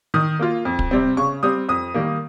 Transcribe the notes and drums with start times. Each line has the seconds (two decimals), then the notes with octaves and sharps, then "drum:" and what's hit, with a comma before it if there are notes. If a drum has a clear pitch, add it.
0.14 D#3 D#6
0.40 A#3 F4
0.65 F2
0.79 drum: kick
0.91 C3 G3 C4
1.17 C#3 C#6
1.43 G3 C4 D#6
1.69 F2 D#6
1.94 D#3 G3 A#3